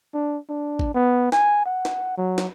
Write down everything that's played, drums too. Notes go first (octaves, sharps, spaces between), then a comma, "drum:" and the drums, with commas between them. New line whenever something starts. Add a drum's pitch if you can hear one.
D4
D4
drum: kick G#1
B3
G#5, drum: snare
F#5
drum: snare
F#3
drum: snare